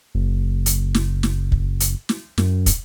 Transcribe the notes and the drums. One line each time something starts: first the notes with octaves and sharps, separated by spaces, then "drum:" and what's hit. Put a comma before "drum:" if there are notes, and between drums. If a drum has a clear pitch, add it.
F#1
drum: hi-hat
drum: snare
drum: snare
drum: kick
drum: hi-hat
drum: snare
F#2, drum: snare
drum: kick, hi-hat